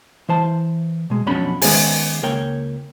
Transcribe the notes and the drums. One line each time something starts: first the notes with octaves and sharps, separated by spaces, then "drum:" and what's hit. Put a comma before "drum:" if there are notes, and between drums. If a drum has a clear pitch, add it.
E3 C5 A5
B2 G#3
B1 F2 B2 C#4 D4 B5
D#3 G#3 B3 C#4 D#4 G#4, drum: open hi-hat
C#2 A#3 A#4 C#5 G5